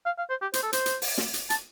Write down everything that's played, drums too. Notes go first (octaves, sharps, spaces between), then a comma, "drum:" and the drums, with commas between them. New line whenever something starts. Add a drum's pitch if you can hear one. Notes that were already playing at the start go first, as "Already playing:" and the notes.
F5
F5
C5
G4
C5, drum: hi-hat
A4
C5, drum: hi-hat
drum: hi-hat
drum: open hi-hat
drum: snare
drum: hi-hat
A5, drum: hi-hat